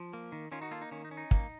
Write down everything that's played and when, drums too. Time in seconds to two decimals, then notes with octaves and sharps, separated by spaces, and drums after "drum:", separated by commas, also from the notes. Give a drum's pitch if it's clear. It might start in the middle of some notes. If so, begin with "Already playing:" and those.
Already playing: F3
0.13 A#3
0.32 D#3
0.52 D#3 C#4 F4
0.61 D#4 F#4
0.71 A#3 F4 A4
0.82 D#4
0.91 D#3 C#4
1.05 D#4
1.11 C#4
1.17 D#4
1.31 A#3, drum: kick